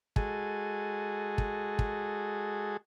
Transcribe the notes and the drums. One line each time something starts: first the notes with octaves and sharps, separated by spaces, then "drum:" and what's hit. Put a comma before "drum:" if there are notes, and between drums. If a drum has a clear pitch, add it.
G#3 F#4 G#4 A4 D#5, drum: kick
drum: kick
drum: kick